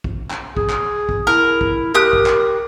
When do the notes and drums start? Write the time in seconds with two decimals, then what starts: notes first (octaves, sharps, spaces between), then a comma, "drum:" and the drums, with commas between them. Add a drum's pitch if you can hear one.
0.04 drum: kick
0.30 drum: clap
0.57 G#4, drum: kick
0.70 drum: clap
1.09 drum: kick
1.27 E4 A#4
1.61 drum: kick
1.94 G4 A#4 D#6 F#6
2.13 drum: kick
2.26 drum: clap